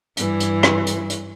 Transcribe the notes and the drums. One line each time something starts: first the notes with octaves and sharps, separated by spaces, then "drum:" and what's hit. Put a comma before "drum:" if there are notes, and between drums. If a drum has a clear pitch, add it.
G2 E3, drum: hi-hat
drum: hi-hat
drum: rim click
drum: hi-hat
drum: hi-hat